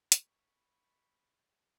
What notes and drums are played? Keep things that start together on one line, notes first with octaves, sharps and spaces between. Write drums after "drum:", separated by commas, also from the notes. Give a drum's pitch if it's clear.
B5 C#6, drum: hi-hat